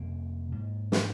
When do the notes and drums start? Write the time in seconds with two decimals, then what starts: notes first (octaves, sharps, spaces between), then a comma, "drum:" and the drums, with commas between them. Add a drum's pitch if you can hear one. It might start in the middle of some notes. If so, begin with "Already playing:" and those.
Already playing: F2 C3 A#3
0.52 G#2
0.92 drum: snare